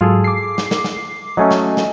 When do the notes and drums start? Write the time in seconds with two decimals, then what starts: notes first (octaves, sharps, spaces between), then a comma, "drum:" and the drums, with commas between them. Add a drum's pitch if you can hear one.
0.01 G#2 F#3 F4 G#4 A4
0.24 D6 C7
0.58 drum: snare
0.71 drum: snare
0.84 drum: snare
1.37 F#3 A3 C#4 D#5 G#5
1.51 drum: snare
1.77 drum: snare